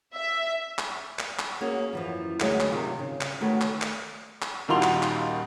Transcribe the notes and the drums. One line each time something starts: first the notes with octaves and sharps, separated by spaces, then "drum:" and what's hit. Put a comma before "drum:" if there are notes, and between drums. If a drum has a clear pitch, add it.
E5
drum: clap
drum: clap
drum: clap
A#3 C#4 F#4 G#4
F#2 E3 F3
D2 F#3 G#3 A#4 B4 E5, drum: clap
drum: clap
C3 D#3 F4
C#3
drum: clap
D#3 A3 F#4 B4 C#5
drum: clap
drum: clap
drum: clap
D#1 D#3 F4 F#4 C6 F7
drum: clap
drum: clap